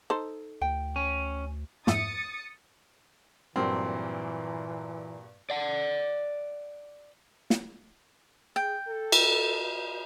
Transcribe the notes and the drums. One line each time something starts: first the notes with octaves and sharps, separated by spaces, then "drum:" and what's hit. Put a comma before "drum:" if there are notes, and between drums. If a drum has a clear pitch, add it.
D#4 A4 C5
D2 G5
C#4
F2 G#2 E5 D#6 A6 C#7, drum: snare
G2 A#2 E3 F#3 A#3 C4
D5 F#5
drum: snare
G#4 G5
A4
drum: cymbal